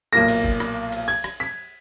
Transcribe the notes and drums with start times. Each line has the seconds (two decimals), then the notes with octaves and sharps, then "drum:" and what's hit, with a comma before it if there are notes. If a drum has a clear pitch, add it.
0.13 B1 A#2 A#3 A#6
0.28 drum: cymbal
0.44 drum: kick
0.60 drum: rim click
0.92 drum: cymbal
1.08 G#6
1.24 drum: rim click
1.40 B6